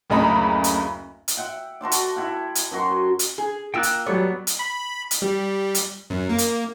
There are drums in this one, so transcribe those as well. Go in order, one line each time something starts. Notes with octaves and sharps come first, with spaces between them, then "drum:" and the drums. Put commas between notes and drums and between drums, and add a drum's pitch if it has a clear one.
F#1 D2 C#3 D#5 A#5 B5
drum: hi-hat
drum: hi-hat
E5 F#5 G5
F#4 A4 C5 D5
drum: hi-hat
E4 F#5 G5
drum: hi-hat
F#2 F#4 C6
drum: hi-hat
G#4
A#3 F4 G5 E6 F#6
drum: hi-hat
F#3 G3 B3 A4 C#5 D5
drum: hi-hat
B5
drum: hi-hat
G3
drum: hi-hat
F#2
A#3
drum: hi-hat